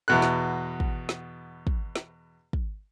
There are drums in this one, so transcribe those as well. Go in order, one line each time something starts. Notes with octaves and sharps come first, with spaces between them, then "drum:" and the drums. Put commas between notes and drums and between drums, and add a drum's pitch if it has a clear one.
E2 B2 F#6
drum: snare
drum: kick
drum: snare
drum: kick
drum: snare
drum: kick